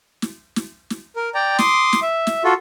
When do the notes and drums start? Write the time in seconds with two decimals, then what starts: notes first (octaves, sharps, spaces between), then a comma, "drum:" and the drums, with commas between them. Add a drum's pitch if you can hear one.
0.22 drum: snare
0.56 drum: snare
0.90 drum: snare
1.16 A#4
1.34 D5 G5 A#5
1.59 C6 D6 D#6, drum: snare
1.93 drum: snare
2.02 E5
2.27 drum: snare
2.44 F4 F#4 A4